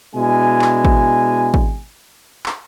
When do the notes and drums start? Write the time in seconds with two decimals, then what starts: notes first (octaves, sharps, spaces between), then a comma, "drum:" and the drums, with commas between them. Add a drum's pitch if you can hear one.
0.15 B2 G#3 D4 E4 G#5
0.62 drum: clap
0.85 drum: kick
1.54 drum: kick
2.46 drum: clap